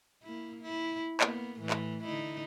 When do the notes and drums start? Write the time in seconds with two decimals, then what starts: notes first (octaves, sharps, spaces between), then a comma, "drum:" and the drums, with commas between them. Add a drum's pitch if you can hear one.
0.23 A#3 E4
0.62 E4
1.21 A#3 B3, drum: clap
1.60 A2 E3
1.70 drum: clap
2.04 D3 D#4 E4